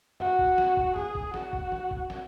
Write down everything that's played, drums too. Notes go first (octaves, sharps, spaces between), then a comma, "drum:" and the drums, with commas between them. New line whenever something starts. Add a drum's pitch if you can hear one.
F#4, drum: tom F2
drum: kick
drum: snare
drum: kick
G#4, drum: tom F2
drum: kick
F#4, drum: snare
drum: kick
drum: tom E3
drum: kick
drum: snare